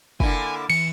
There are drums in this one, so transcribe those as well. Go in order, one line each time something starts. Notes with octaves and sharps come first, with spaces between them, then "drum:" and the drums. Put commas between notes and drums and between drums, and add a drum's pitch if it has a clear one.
D3 A#3 E4 G#5, drum: kick
E3 C#7, drum: cymbal